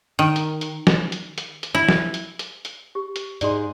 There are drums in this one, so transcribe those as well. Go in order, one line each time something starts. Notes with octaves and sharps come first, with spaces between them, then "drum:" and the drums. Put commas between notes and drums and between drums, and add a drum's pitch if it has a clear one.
D#3
drum: hi-hat
drum: hi-hat
drum: snare
drum: hi-hat
drum: hi-hat
drum: hi-hat
E4
drum: snare
drum: hi-hat
drum: hi-hat
drum: hi-hat
G4
drum: hi-hat
G#2 D#4 G#4 D5 A#5 C6, drum: hi-hat